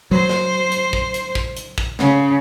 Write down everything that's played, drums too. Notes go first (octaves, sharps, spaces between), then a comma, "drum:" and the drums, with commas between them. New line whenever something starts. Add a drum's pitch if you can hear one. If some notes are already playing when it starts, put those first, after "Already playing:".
F#3 C5
drum: snare
drum: hi-hat
drum: kick
drum: hi-hat
drum: kick
drum: hi-hat
drum: kick
C#3, drum: snare